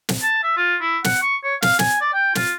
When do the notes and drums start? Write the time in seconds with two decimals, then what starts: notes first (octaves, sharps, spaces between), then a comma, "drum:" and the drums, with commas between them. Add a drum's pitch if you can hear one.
0.09 drum: snare
0.23 A5
0.43 E5
0.57 F4
0.81 E4
1.04 F#5, drum: snare
1.22 C#6
1.43 C#5
1.62 F5, drum: snare
1.79 G#5, drum: snare
2.01 D5
2.14 G5
2.35 F4, drum: snare